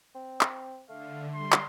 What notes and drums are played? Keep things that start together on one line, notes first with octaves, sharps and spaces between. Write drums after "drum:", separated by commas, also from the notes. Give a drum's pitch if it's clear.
C4
drum: clap
D3 A3 F5
G3 C6
drum: clap